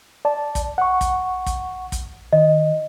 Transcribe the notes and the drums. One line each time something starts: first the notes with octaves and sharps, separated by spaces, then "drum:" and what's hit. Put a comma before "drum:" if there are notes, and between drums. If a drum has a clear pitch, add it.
D5 A5
drum: kick, hi-hat
F#5 C#6
drum: kick, hi-hat
drum: kick, hi-hat
drum: kick, hi-hat
D#3 D#5